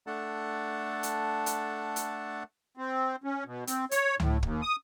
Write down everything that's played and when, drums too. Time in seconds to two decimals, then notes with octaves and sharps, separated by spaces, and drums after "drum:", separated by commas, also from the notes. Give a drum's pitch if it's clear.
0.07 A3 D4 A4 F#5 A5
1.03 drum: hi-hat
1.46 drum: hi-hat
1.96 drum: hi-hat
2.77 C4
3.24 C#4
3.46 B2
3.67 C4, drum: hi-hat
3.91 C#5, drum: hi-hat
4.20 A2, drum: tom C#2
4.43 D#2, drum: kick
4.62 D#6